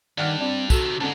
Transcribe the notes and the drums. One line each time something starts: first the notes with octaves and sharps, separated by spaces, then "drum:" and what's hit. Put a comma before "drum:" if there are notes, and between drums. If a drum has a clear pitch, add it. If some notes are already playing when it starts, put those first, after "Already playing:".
G2 D#3 D5 F#5 F6
C4 D4
C3 D#3 F#4 A4, drum: kick, tambourine
G#2 D3 G#3 C#4 A5